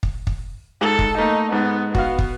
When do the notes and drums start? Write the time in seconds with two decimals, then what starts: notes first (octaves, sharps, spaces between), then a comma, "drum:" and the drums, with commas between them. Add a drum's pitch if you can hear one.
0.03 drum: kick
0.27 drum: kick
0.81 G#2 A4
0.99 drum: kick
1.18 A3 A#3 D#4
1.52 G#2 B3
1.95 B3 F#4 F5, drum: kick
2.19 drum: kick